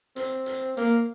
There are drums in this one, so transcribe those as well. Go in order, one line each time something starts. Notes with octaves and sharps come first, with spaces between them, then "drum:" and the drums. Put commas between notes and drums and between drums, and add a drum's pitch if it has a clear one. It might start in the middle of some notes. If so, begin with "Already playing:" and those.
C4, drum: hi-hat
drum: hi-hat
A#3, drum: hi-hat